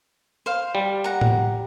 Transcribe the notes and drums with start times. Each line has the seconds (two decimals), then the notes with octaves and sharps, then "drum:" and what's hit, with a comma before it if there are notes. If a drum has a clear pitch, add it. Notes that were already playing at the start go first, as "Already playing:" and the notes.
0.46 C5 F5
0.75 G3
1.04 F#5 A#5
1.21 drum: tom A2